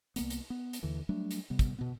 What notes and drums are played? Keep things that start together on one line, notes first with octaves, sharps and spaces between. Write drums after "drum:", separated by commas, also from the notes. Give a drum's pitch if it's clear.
C2 A#3 B3, drum: hi-hat
drum: hi-hat
B3
drum: hi-hat
D#2 D3 E3
F#3 G3 A3 D4
drum: hi-hat
C3 G3 B3
drum: kick, hi-hat
B2 B3